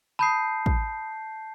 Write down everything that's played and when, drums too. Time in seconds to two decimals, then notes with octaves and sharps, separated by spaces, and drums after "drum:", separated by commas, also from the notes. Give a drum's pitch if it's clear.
0.19 A5 B5 D#6 G6 C7
0.66 drum: kick